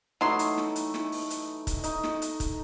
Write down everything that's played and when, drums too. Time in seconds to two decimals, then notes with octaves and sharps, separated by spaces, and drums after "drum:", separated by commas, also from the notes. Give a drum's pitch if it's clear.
0.21 E3 F#3 A3 D#4 C6, drum: snare
0.39 drum: hi-hat
0.57 drum: snare
0.76 drum: hi-hat
0.94 drum: snare
1.12 drum: open hi-hat
1.30 drum: hi-hat
1.67 drum: kick, hi-hat
1.84 D#4, drum: hi-hat
2.03 drum: snare
2.22 drum: hi-hat
2.40 drum: kick, hi-hat